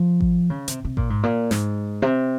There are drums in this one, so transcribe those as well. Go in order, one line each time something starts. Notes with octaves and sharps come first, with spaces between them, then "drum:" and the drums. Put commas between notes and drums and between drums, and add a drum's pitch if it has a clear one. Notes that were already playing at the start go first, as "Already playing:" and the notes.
Already playing: F3
drum: kick A1
C#3
C3, drum: hi-hat
C3
A#2, drum: kick A1
G#2
A#2
G#2, drum: snare
C3